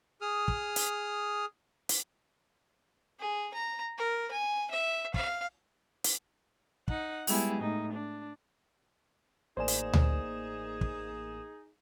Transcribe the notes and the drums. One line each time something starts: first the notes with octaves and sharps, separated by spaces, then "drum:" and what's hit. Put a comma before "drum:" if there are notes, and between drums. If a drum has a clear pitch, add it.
G#4 D#6 F6
drum: kick
drum: hi-hat
drum: hi-hat
G#4
A#5
A#4
G#5
E5
F5, drum: kick
drum: hi-hat
D#4 F#5, drum: kick
G3 G#3 B3 E4 G4 G#4, drum: open hi-hat
A2 D#4
D4
A1 A#3 D#4 G#4 C5 D5 G#5 E7
drum: hi-hat
drum: tom D2
drum: kick